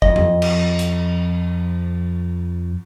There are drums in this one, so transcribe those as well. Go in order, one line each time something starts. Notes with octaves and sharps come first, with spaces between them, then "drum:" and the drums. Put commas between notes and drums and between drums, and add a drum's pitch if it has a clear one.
F2 D#5, drum: kick
drum: tom E2
drum: cymbal
drum: hi-hat